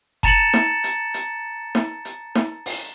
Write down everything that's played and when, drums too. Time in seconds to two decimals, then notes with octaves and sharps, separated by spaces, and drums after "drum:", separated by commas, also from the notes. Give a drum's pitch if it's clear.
0.23 A5 A#5 A6 C#7 E7 F#7, drum: kick F#1
0.53 drum: snare
0.84 drum: hi-hat
1.14 drum: hi-hat
1.75 drum: snare
2.05 drum: hi-hat
2.35 drum: snare
2.66 drum: open hi-hat